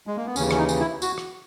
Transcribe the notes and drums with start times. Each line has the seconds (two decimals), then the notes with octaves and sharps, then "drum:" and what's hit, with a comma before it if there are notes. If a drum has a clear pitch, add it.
0.07 G#3
0.17 A#3
0.26 B3
0.36 D#2 C#3 E3 C#4, drum: tambourine
0.51 C#4, drum: rim click
0.58 D#4
0.69 drum: tambourine
0.80 E4
1.02 F#4, drum: tambourine
1.18 drum: rim click